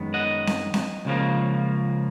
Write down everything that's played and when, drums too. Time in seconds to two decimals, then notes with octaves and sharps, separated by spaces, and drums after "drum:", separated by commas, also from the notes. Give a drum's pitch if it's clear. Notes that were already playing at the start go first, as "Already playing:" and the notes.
Already playing: F#2 D#3 G#3 B3
0.14 D#5 F#5
0.47 drum: snare C4
0.74 drum: snare C4
1.05 C#2 C#3 F3 A#3